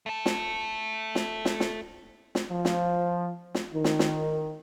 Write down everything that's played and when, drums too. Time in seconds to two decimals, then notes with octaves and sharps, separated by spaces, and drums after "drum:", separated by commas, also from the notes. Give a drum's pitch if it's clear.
0.06 A3 A4
0.26 drum: snare
1.15 drum: snare
1.45 drum: snare
1.60 drum: snare
2.35 drum: snare
2.50 F3
2.65 drum: snare
3.55 drum: snare
3.73 D#3
3.84 drum: snare
3.99 drum: snare